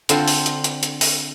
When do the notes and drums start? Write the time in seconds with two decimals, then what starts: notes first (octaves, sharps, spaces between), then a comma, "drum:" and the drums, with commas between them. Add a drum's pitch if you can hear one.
0.09 D3 C4 F4 A4 C5 C6, drum: hi-hat
0.28 drum: open hi-hat
0.46 drum: hi-hat
0.64 drum: hi-hat
0.83 drum: hi-hat
1.01 drum: open hi-hat